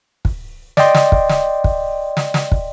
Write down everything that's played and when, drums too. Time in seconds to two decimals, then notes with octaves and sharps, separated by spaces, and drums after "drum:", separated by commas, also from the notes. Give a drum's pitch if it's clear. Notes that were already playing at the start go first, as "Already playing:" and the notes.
0.25 drum: kick
0.77 D5 D#5 G5 C6, drum: snare
0.95 drum: snare
1.12 drum: kick
1.29 drum: snare
1.64 drum: kick
2.17 drum: snare
2.34 drum: snare
2.52 drum: kick